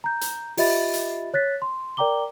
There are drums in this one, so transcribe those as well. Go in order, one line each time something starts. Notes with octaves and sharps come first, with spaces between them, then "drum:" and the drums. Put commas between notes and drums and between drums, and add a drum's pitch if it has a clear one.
A#5 G6
drum: hi-hat
F4 G4 D#5 E5 B5 A6, drum: open hi-hat
drum: hi-hat
C#5 F#6 A6 B6
C6
A#4 D5 G5 A#5 D6 G7